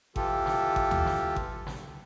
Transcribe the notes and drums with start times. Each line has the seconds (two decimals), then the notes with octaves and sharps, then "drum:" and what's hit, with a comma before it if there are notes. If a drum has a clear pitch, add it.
0.16 E3 F4 G4 A4, drum: kick G#1
0.46 drum: snare
0.76 drum: kick G#1
0.91 drum: tom D2
1.06 drum: snare
1.36 drum: kick G#1
1.67 drum: snare